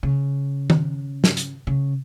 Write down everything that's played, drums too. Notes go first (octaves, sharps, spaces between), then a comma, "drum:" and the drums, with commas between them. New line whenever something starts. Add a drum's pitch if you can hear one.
C#3
drum: tom D#3
drum: snare
drum: hi-hat
C#3